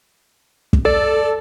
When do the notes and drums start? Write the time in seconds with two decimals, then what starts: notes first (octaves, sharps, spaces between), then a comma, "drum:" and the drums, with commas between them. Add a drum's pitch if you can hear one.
0.73 drum: kick
0.85 A4 D5